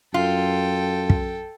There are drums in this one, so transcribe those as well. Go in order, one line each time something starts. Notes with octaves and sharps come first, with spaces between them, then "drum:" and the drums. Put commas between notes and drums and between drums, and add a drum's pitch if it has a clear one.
F#2 F4 A4 G5
drum: kick